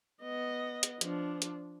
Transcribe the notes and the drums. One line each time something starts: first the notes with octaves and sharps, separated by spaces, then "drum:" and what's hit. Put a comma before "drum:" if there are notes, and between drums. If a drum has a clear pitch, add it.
B3 D#5
drum: hi-hat
F3 D4, drum: hi-hat
drum: hi-hat